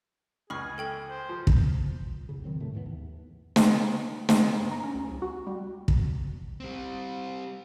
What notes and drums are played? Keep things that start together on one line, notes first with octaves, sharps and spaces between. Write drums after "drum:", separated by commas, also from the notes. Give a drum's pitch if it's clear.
C#2 G#4 B5 C#6 F6
A4 G5 F#7
C5
F3
drum: kick
E2 C#3
D#3 F#3 C4
A2 C#3 A3
G#2 E3 F#3 B3
D#2
drum: snare
drum: snare
G2
A#5
C#4
D2
C2
F#4
G3
drum: kick
G3 C4